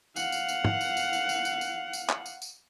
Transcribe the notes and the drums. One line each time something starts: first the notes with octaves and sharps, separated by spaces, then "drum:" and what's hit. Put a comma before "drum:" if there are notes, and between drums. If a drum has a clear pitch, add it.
F5 F#5, drum: tambourine
drum: tambourine
drum: tambourine
drum: tom
drum: tambourine
drum: tambourine
drum: tambourine
drum: tambourine
drum: tambourine
drum: tambourine
drum: tambourine
drum: clap
drum: tambourine
drum: tambourine